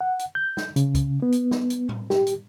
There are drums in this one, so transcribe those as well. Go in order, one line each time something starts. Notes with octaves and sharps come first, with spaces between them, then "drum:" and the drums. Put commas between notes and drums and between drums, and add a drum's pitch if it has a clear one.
F#5
drum: hi-hat
G6
drum: snare
C#3, drum: hi-hat
drum: kick, hi-hat
B3
drum: hi-hat
drum: snare
drum: hi-hat
drum: tom A2
G4, drum: snare
drum: hi-hat